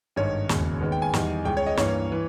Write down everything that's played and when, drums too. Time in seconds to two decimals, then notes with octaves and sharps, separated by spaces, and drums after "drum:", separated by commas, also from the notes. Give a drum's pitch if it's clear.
0.16 G#1 G2 D#3 C#5
0.49 E1 D#2 C#3, drum: snare
0.81 D#2 D#3 G#3 B3
0.92 G5
1.02 G#5
1.14 E2 D#3 G3, drum: snare
1.45 C#2 C#3 G#3 G5
1.57 C#5
1.67 D#5
1.77 G2 E3 A#3 C#5, drum: snare
2.12 E3